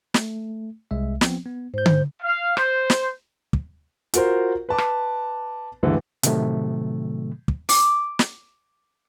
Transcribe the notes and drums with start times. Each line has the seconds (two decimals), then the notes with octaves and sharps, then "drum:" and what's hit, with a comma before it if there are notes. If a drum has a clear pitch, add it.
0.14 A3, drum: snare
0.91 C2 G#3 E5
1.21 F3 B3 C4, drum: snare
1.46 B3
1.74 G#2 C5 G6
1.86 drum: tom D3
2.22 F5
2.57 C5, drum: rim click
2.90 drum: snare
3.53 drum: kick
4.14 F4 F#4 A#4 C5, drum: hi-hat
4.69 B4 A5 D6
4.78 drum: rim click
5.83 C#2 G2 D3 E3 A3
6.23 A2 C3 D#3 F#3 A3, drum: hi-hat
7.48 drum: kick
7.69 D6, drum: open hi-hat
8.19 drum: snare